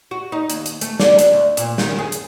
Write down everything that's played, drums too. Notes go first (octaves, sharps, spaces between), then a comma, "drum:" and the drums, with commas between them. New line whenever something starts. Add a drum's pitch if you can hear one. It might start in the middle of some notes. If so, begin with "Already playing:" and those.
F#4
D#4
D#2, drum: hi-hat
drum: hi-hat
A3, drum: hi-hat
D5, drum: snare
D4, drum: hi-hat
D2
A#2, drum: hi-hat
D#3, drum: snare
G#4
drum: hi-hat